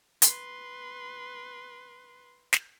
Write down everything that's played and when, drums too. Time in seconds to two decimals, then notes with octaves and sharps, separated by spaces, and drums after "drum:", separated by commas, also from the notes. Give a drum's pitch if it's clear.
0.22 B4 C6, drum: hi-hat
2.53 drum: snare